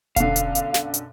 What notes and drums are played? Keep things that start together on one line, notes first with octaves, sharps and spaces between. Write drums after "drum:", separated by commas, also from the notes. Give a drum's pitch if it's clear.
B1 F#2 D3 F5, drum: kick E1, hi-hat
drum: hi-hat
drum: hi-hat
drum: snare
drum: hi-hat